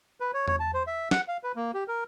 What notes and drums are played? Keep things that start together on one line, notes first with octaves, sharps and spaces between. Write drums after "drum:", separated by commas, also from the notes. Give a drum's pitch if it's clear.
B4
C#5
C#5, drum: tom E2
A5
C5
E5
F#5, drum: snare
F5
B4
A#3
G4
A#4